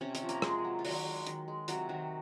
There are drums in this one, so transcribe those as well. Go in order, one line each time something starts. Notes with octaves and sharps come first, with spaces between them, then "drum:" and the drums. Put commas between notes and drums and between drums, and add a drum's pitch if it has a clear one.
C3 C#4 C#5
C#4 C#5, drum: hi-hat
F3
A#3 A#4, drum: hi-hat
C3 G#3 G#4, drum: rim click
F#3
F4
D#3 F#3 F#4, drum: open hi-hat
G#3
D#3, drum: hi-hat
G#3
C3 F#3 F#4, drum: hi-hat
D#3 F#3 F#4